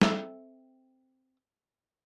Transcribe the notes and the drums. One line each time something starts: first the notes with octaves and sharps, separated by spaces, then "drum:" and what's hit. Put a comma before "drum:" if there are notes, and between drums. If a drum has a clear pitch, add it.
C4 A4 E5, drum: snare